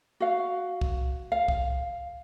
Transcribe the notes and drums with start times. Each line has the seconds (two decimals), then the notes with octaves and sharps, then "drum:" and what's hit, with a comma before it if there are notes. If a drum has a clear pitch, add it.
0.20 F#4 F5
0.81 drum: kick C2
1.32 F5
1.48 drum: kick C2